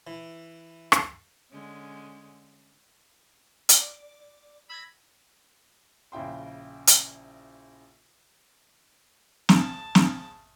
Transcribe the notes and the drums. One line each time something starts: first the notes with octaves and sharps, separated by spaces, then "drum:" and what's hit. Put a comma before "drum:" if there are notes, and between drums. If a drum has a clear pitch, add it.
E3
drum: rim click
D3 G#3 C#4
D5, drum: hi-hat
B5 E6 G#6 A#6
A#1 C#3 E4 G5 C6
drum: hi-hat
A5, drum: snare
drum: snare